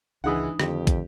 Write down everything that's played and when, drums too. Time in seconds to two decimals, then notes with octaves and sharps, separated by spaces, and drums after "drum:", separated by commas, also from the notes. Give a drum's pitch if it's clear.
0.24 G#1 C#2 E3 G#3 D4 D#4 F#5 D#6
0.60 F2 D3 D#3 A3 G4, drum: rim click
0.87 drum: kick, hi-hat